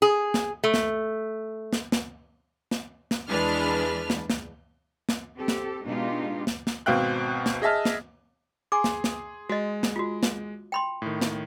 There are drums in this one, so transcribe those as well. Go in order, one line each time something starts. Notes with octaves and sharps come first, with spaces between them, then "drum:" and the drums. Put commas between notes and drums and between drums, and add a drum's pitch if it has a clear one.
G#4
drum: snare
A3
drum: snare
drum: snare
drum: snare
drum: snare
drum: snare
E2 E3 G#3 D4 B4 F6
drum: snare
drum: snare
drum: snare
C4 G4 A4
drum: snare
B2 G#3 D4 D#4 F4 G4
drum: snare
drum: snare
G#1 B2 C4 F5 G5 F#6
drum: snare
G#4 D#5 E5 A5 F6
drum: snare
G#4 G#5 C6 D6
drum: snare
drum: snare
G#3 F#4 D#5
drum: snare
F4 F#4
drum: snare
G5 B5 C6
A2 D#3
drum: snare